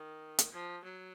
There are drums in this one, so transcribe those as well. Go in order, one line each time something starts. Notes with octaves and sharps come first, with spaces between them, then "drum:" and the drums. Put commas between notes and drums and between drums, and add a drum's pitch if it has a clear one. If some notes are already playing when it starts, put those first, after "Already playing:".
Already playing: D#3
drum: hi-hat
F3
F#3